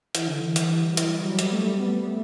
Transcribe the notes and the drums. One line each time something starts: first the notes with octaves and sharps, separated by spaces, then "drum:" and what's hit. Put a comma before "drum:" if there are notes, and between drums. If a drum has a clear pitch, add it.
E3, drum: hi-hat
D3
E3
G3, drum: hi-hat
F#3
E3, drum: hi-hat
F#3
drum: hi-hat
A3
B3
B3
A3